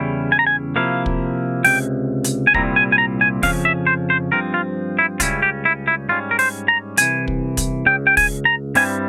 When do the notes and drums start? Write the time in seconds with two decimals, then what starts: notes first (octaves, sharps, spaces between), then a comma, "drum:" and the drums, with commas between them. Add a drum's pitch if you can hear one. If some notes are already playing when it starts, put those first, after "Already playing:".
Already playing: E2 C#3 G3 C#4 E4
0.32 G#5
0.39 A#5
0.47 G#5
0.76 C3 F3 A#3 E4 F5
1.06 drum: kick
1.64 C#2 C3 G5, drum: open hi-hat
2.24 drum: hi-hat
2.47 G#5
2.54 C2 A#2 G3 C4 E4 A#5, drum: kick
2.76 G#5
2.92 G#5
2.98 A#5
3.21 G#5
3.43 F2 C#3 F3 C#4 F5, drum: kick, open hi-hat
3.65 E5
3.87 C5
4.10 C5
4.32 G2 F3 C4 A#4
4.54 F4
4.99 E4
5.20 C#2 C#3 G3 C#4 E4 F4, drum: kick, hi-hat
5.42 G4
5.65 E4
5.88 E4
6.09 G#2 G3 C#4 F4
6.31 A#4
6.39 C5, drum: open hi-hat
6.68 A#5
6.97 C2 C3 E3 G#5, drum: hi-hat
7.28 drum: kick
7.57 drum: kick, hi-hat
7.86 C#2 C#3 G5
8.07 G5
8.17 G#5, drum: kick, open hi-hat
8.45 A#5
8.75 G2 G3 C4 E4 G#5, drum: open hi-hat